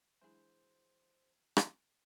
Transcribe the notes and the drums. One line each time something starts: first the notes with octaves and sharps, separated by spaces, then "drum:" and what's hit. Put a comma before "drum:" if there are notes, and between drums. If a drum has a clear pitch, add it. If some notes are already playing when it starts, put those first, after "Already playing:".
E3 F#3 G#3 D4 E4 G#4 C5
drum: rim click